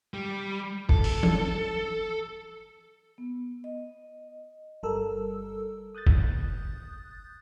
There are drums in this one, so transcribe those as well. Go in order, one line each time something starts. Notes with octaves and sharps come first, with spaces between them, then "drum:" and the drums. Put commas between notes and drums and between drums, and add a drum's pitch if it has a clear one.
G3
A4, drum: kick
drum: open hi-hat
drum: tom E3
B3
D#5
G1 G3 A4 A#4 E6
D#6 F#6 G6 A6
drum: kick